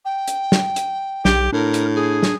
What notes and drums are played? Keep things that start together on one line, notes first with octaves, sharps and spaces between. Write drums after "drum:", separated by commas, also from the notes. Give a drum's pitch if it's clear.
G5
drum: hi-hat
drum: snare
drum: hi-hat
B1 G4, drum: snare
A2 D4 A#4
drum: hi-hat
G#4
drum: snare